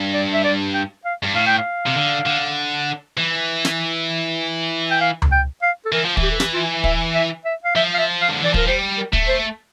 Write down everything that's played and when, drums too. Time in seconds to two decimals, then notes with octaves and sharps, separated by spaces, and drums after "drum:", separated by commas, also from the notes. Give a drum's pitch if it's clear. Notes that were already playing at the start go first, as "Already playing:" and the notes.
Already playing: G2
0.13 D5
0.33 E5
0.44 D5
0.74 G5
1.05 F5
1.23 G2
1.34 A2 F5
1.46 G5
1.58 F5
1.87 C3
1.96 D3
2.26 D3
3.17 E3
3.65 drum: snare
4.91 G5
5.01 F5
5.22 drum: tom C#2
5.32 G5
5.62 F5
5.85 A4
5.92 E3 A#4
6.05 F3
6.17 E3, drum: kick
6.23 G4
6.31 A4
6.40 G4, drum: snare
6.53 F4
6.84 E5, drum: kick
7.14 E5
7.45 E5
7.64 F5
7.76 F3 E5
7.94 F5
7.98 E5
8.22 F5
8.29 D3
8.42 E3 D5
8.54 F3 A#4, drum: kick
8.67 G3 C5
8.98 A#4
9.13 A3, drum: kick
9.28 C5